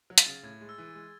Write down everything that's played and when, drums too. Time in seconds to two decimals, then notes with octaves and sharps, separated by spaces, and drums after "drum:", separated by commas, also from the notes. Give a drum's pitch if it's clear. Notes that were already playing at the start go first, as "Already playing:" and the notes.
0.10 F#3
0.18 A6, drum: hi-hat
0.26 C#3
0.43 A2 G#6
0.61 G#3
0.69 E6
0.78 E3
0.95 G#3